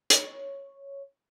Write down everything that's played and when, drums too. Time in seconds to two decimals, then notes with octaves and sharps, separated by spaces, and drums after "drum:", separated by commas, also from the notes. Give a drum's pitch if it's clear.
0.10 C#5, drum: hi-hat